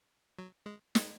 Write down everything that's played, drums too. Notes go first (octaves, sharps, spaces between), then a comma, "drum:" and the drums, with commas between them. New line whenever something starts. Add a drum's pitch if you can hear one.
F#3
G#3
G#3, drum: snare